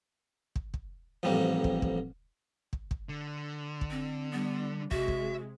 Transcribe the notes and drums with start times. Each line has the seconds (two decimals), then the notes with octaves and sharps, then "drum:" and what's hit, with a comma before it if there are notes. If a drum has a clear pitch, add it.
0.56 drum: kick
0.74 drum: kick
1.23 A1 F2 G#2 G3 A#3
1.64 drum: kick
1.82 drum: kick
2.73 drum: kick
2.91 drum: kick
3.09 D3
3.81 drum: kick
3.91 C4
4.32 G3 B3 D4
4.91 C3 G#3 F#4 E5, drum: kick
5.08 drum: kick